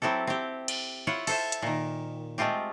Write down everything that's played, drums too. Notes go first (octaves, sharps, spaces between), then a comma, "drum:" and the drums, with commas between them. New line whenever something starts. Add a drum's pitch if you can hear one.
F#3 C4 E4 G4 A4
C4 G4
drum: cymbal
E4 F4 C#5 F#5
A4 C5 E5, drum: cymbal
drum: hi-hat
A#2 D#3
G#3 A3 C4 F4 G4